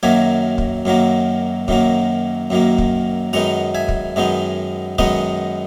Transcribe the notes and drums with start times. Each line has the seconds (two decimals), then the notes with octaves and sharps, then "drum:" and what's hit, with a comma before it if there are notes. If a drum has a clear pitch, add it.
0.03 F#2 D#3 F#3 A#3 E5 G#5
0.58 drum: kick
0.85 F#2 D#3 F#3 A#3
1.68 F#2 D#3 F#3 A#3, drum: kick
2.50 F#2 D#3 F#3 A#3
2.78 drum: kick
3.33 F#2 D#3 G#3 B3 D#4 F#5 A#5
3.75 E5 G#5
3.88 drum: kick
4.16 F#2 D#3 G#3 B3 D#4
4.98 F#2 D#3 G#3 B3 D#4 D#5 F#5, drum: kick